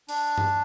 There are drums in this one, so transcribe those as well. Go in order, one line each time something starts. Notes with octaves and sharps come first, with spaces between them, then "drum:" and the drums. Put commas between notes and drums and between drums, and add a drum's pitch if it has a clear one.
D4, drum: open hi-hat
drum: tom G2